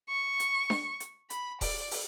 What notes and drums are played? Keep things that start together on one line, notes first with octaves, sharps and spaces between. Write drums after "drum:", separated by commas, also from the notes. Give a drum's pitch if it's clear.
C#6
drum: hi-hat
drum: snare D4
drum: hi-hat
B5, drum: hi-hat
D5, drum: kick D#1, open hi-hat
drum: open hi-hat